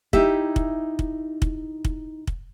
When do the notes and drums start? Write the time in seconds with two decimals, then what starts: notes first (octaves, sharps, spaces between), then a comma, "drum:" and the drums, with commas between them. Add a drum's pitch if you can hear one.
0.13 D#4 E4 G4 E5, drum: kick
0.56 drum: kick
0.99 drum: kick
1.42 drum: kick
1.85 drum: kick
2.27 drum: kick